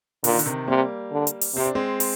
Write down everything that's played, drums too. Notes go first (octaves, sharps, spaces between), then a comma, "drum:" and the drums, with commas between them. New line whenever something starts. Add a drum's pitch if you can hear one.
A#2 D3, drum: open hi-hat
D#3
D3, drum: hi-hat
C3 D#3
C3 G3 A#3
D3
drum: hi-hat
drum: open hi-hat
C3 C4
D4
G#3 C4
drum: open hi-hat